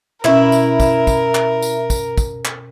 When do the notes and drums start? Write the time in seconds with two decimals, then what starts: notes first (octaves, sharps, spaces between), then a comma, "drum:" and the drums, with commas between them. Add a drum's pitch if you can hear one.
0.25 B2 C#4 E4 A#4 E5, drum: clap
0.52 drum: tambourine
0.80 drum: kick, tambourine
1.07 drum: kick, tambourine
1.35 drum: clap
1.62 drum: tambourine
1.90 drum: kick, tambourine
2.18 drum: kick, tambourine
2.45 drum: clap